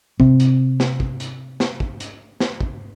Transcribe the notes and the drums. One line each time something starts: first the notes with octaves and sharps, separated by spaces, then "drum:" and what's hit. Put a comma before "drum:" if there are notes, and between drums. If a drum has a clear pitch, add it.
C3 C4, drum: kick
drum: hi-hat
drum: snare
drum: kick
drum: hi-hat
drum: snare
drum: kick
drum: hi-hat
drum: snare
drum: kick